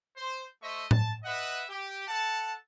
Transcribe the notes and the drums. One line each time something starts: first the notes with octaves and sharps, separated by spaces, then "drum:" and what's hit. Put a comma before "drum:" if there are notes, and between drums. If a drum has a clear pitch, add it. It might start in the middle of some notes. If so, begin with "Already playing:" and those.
C5
A3 C5 D#5 E5 C#6
A5, drum: tom A2
B4 D#5 E5 F#5
G4
A4 F#5 A5